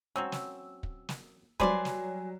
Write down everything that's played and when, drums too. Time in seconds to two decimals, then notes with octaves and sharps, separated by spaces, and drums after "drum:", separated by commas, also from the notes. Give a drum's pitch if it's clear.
0.16 F#3 C4 C#4 E6
0.32 drum: snare
0.83 drum: kick
1.09 drum: snare
1.60 F#3 G3 B4 C5 D5 G#5 C6, drum: kick
1.85 drum: snare